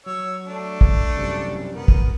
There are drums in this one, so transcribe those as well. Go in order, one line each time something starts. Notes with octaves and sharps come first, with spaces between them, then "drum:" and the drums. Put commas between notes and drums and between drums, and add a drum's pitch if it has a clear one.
F#3 C#5 E6
A3 D4
drum: kick
F#2 C3 G3
B3 A#4
drum: kick